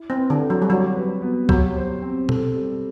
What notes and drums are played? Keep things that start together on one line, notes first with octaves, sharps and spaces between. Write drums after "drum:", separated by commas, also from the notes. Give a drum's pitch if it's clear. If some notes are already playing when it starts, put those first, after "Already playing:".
Already playing: E4
C4
B4
D3
C4
F#3
G3
F#3 F#4
B4
B3
F#3 G4, drum: kick C2
C5
C4
A4, drum: tom B2
G3